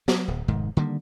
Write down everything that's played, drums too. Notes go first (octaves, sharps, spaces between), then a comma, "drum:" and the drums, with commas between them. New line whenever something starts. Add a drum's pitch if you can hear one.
F#3, drum: snare
D1
F1 G#2 D#3
D3 D#3 G3 A#3